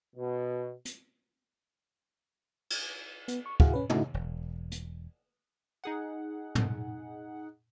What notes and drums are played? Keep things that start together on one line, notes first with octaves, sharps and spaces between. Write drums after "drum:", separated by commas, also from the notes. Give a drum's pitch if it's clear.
B2
drum: hi-hat
drum: cymbal
B3, drum: hi-hat
C#6
E4 F#4 G#4 F5 F#5, drum: kick
C#4 B4
A2 C#3 A3 D#4 E4 F#4, drum: tom
E1
drum: hi-hat
D#4 G#4 F#5
drum: tom